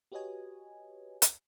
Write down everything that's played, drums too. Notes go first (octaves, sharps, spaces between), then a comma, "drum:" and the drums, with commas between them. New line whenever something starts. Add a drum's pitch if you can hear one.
F#4 G4 B4 C#5 D#5 G#5
drum: hi-hat